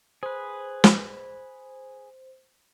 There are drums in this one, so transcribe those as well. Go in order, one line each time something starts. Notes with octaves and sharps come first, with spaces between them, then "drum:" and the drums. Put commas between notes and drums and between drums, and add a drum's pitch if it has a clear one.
G#4 B4 C5
drum: snare